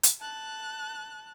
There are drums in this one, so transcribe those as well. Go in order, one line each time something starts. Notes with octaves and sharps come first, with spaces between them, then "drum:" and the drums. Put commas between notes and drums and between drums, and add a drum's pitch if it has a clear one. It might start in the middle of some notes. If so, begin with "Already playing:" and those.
drum: hi-hat
A5 F#6